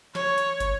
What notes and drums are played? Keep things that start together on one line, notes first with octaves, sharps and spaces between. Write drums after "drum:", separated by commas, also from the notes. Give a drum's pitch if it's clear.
C#5, drum: snare
drum: hi-hat
drum: kick, hi-hat